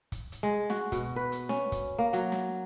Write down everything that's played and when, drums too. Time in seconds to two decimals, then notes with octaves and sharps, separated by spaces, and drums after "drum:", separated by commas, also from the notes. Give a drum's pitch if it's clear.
0.12 drum: kick, hi-hat
0.32 drum: hi-hat
0.43 G#3
0.70 F#4, drum: snare
0.92 B2, drum: kick, hi-hat
1.16 B4
1.32 drum: hi-hat
1.49 C#4, drum: snare
1.72 drum: kick, hi-hat
1.98 A#3
2.13 F#3, drum: hi-hat
2.32 drum: snare